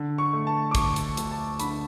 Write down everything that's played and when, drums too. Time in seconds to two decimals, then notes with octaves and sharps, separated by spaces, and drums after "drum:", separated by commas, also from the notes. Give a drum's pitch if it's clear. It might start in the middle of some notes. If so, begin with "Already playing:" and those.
Already playing: D3
0.18 C#6
0.33 A3
0.47 A5
0.71 D6
0.75 D2 C#6, drum: kick, hi-hat
0.96 drum: hi-hat
1.17 D2, drum: hi-hat
1.31 A5
1.60 D3 B5, drum: hi-hat